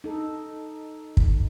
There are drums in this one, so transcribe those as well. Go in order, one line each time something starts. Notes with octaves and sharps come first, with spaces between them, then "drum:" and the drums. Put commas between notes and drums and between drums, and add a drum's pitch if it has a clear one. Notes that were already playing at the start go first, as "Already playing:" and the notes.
D#4 A4
drum: kick